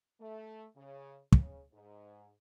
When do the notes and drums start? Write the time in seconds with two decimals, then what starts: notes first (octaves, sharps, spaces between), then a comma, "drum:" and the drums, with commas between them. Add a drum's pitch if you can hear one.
0.20 A3
0.76 C#3
1.32 C#3, drum: kick
1.73 G#2